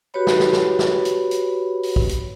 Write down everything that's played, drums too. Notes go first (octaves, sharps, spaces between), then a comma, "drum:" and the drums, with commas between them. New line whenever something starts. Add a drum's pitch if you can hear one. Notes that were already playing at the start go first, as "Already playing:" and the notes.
F#4 G4 B4 C#5 B5
drum: snare
drum: snare
drum: snare
drum: snare
drum: hi-hat
drum: hi-hat
drum: open hi-hat
drum: kick
drum: hi-hat